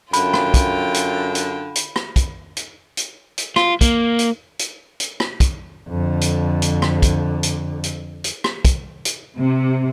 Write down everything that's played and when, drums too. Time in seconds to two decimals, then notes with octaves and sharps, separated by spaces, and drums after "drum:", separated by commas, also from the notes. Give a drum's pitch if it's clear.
0.13 F#2 D3 F4 G5 B5, drum: hi-hat
0.34 drum: rim click
0.54 drum: kick, hi-hat
0.94 drum: hi-hat
1.35 drum: hi-hat
1.75 drum: hi-hat
1.96 drum: rim click
2.16 drum: kick, hi-hat
2.57 drum: hi-hat
2.97 drum: hi-hat
3.38 drum: hi-hat
3.56 F4, drum: rim click
3.81 A#3, drum: kick, hi-hat
4.19 drum: hi-hat
4.59 drum: hi-hat
5.00 drum: hi-hat
5.20 drum: rim click
5.40 drum: kick, hi-hat
5.89 F2 D3
6.21 drum: hi-hat
6.62 drum: hi-hat
6.82 drum: rim click
7.02 drum: kick, hi-hat
7.43 drum: hi-hat
7.84 drum: hi-hat
8.24 drum: hi-hat
8.44 drum: rim click
8.65 drum: kick, hi-hat
9.05 drum: hi-hat
9.37 C3